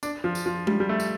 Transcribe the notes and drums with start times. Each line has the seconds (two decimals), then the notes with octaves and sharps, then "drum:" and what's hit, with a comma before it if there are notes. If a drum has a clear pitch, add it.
0.03 D4, drum: tambourine
0.24 F3
0.35 drum: tambourine
0.46 F3
0.67 G3, drum: tom G#3
0.80 G3
0.89 A3
1.00 drum: tambourine